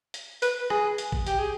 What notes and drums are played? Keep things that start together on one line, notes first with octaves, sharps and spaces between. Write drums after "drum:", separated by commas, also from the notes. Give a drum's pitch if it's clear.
drum: hi-hat
B4, drum: hi-hat
G#4, drum: rim click
drum: hi-hat
drum: kick G#1
G4, drum: hi-hat
G#4